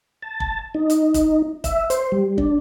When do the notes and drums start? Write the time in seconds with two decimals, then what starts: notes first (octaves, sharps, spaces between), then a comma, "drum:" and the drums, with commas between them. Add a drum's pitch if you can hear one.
0.22 A5
0.40 drum: kick
0.75 D#4
0.90 drum: hi-hat
1.14 drum: kick, hi-hat
1.64 E5, drum: kick, hi-hat
1.90 C5, drum: hi-hat
2.12 G3
2.38 D4, drum: kick